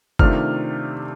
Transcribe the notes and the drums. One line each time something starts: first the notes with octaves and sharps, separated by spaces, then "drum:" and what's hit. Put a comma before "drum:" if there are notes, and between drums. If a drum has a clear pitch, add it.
C3 D#3 A3 D4 F4 F6, drum: kick